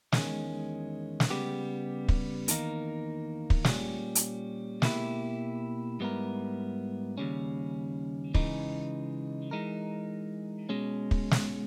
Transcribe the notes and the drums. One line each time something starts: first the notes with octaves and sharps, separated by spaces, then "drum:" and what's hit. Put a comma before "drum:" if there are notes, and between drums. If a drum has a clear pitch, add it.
E2 D#3 G#3 C#4, drum: snare
drum: snare
C#3 G3 B3 G4
drum: kick
E2 D#3 A#3 D#4 A#4, drum: hi-hat
drum: kick
A#2 G3 C#4, drum: snare
drum: hi-hat
B2 A#3 E4 G4, drum: snare
G#2 G3 B3 E4 A#4
D#2 C#3 G3 C#4
C#3 E3 G#3 D#4, drum: kick
E3 G#3 D#4 A#4
B2 G#3 C#4
drum: kick
drum: snare